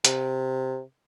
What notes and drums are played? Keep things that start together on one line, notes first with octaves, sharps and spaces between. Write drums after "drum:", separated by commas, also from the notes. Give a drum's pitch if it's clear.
C3, drum: hi-hat